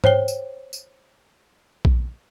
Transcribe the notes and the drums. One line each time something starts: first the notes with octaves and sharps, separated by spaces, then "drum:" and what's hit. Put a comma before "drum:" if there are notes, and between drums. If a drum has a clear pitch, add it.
C5 C#5 G5 G7, drum: tom G#2
drum: tambourine
drum: tambourine
drum: kick A#1